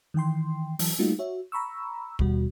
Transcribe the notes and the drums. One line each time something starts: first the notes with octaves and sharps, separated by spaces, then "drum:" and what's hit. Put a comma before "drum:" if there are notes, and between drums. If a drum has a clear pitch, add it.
D#3 E3 G5 C6
E3 F#3, drum: open hi-hat
G3 A3 A#3 D#4 F4 F#4
F#4 C#5 E5
A#5 B5 C#6 E6
D#2 B2 G3 F#4, drum: kick